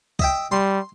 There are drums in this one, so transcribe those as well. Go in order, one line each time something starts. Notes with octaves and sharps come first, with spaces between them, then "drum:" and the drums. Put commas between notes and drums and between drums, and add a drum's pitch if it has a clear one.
D#5 E5 G5, drum: kick C2
G3 C6